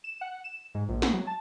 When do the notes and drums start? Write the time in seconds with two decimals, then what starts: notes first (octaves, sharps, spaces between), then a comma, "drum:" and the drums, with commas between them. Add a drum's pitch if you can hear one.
0.04 E7
0.21 F#5
0.44 E7
0.75 G#2
0.89 A#1
1.02 B3, drum: snare
1.13 F#3
1.27 A5